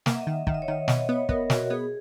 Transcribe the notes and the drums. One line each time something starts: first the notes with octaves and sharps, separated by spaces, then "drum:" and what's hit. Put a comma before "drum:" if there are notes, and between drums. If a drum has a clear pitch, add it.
A#3 F#5, drum: snare
E5
D#5
D#3 E5
D#3 E5, drum: kick
D#5
C#5
D#3 D#5
B2 D#5, drum: snare
B3 C#5
B3 A#4, drum: kick
B2 F#4, drum: snare
B3 G#4